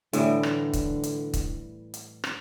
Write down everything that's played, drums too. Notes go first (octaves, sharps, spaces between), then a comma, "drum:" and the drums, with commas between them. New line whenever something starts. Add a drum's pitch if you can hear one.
A2 D3 E3 G3, drum: hi-hat
drum: rim click
drum: kick C#1, hi-hat
drum: hi-hat
drum: kick C#1, hi-hat
drum: hi-hat
drum: rim click